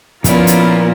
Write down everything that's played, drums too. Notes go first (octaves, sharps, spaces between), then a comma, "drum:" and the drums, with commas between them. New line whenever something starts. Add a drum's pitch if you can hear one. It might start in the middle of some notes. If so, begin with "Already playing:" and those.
A#2 F3 B3 C#4 E4 F4 A#4 D5, drum: kick, hi-hat
drum: hi-hat